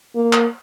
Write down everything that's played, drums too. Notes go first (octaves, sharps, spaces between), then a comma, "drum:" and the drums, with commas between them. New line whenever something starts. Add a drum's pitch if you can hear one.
A#3
drum: clap